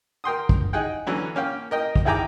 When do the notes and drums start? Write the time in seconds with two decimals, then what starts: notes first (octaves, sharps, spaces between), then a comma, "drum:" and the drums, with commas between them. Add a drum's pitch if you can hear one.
0.24 A#4 G5 C6 D#6
0.49 drum: kick
0.73 D#4 G#4 F#5 G5
1.07 D3 E3 F#3 C#4
1.35 A#3 C#4 F5 G5
1.71 A#4 D#5 G5
1.96 drum: kick
2.05 D#3 E4 G#4 G5 A#5 D6